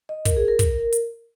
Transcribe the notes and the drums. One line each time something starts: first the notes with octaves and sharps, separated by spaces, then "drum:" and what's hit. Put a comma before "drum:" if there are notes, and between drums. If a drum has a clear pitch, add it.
D#5
A#4, drum: kick, hi-hat
G#4
A#4
drum: kick, hi-hat
drum: hi-hat